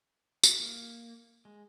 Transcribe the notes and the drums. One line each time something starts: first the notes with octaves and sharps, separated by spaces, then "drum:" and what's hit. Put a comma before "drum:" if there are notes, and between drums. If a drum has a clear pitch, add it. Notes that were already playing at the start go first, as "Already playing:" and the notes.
drum: tambourine
A#3
G#3